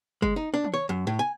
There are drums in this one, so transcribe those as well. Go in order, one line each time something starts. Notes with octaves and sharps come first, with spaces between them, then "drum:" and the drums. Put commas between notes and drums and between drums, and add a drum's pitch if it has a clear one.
G#3, drum: kick G1
D#4
D4
drum: tom
C#5
F#2
A2
G#5